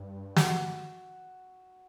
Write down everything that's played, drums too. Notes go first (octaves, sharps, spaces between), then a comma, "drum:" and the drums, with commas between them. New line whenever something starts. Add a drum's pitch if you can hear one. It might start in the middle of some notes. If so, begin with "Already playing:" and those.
Already playing: G2
F#4, drum: snare